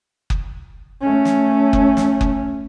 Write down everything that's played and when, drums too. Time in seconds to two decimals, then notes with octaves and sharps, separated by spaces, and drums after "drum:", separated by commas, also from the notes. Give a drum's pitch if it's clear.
0.30 drum: kick F#1
1.01 A3 C#4
1.25 drum: snare
1.73 drum: kick F#1
1.97 drum: snare
2.21 drum: kick F#1